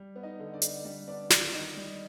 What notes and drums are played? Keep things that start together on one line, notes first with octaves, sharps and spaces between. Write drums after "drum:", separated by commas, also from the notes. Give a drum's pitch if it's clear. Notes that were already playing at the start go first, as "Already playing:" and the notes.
Already playing: G3
B3
D#4 D#5
D3
D4 D5
D3, drum: hi-hat
G3 D4 D5
B3 D4 D5
D#3 D4 D5, drum: snare
D#3 D#4 D#5
G3